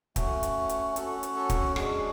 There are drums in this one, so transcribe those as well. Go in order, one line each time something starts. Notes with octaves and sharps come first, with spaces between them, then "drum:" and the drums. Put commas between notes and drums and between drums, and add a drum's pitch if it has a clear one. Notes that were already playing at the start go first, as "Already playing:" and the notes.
A3 C#4 F#4, drum: kick, hi-hat
drum: hi-hat
drum: hi-hat
C#4 F#4 A4, drum: hi-hat
drum: hi-hat
A4
drum: kick, hi-hat
G#3 D4 F#4 G#4, drum: rim click